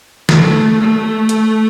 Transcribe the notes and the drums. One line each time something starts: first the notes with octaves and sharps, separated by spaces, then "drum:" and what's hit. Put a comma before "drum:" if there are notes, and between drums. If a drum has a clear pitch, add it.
A3, drum: snare
A3
drum: hi-hat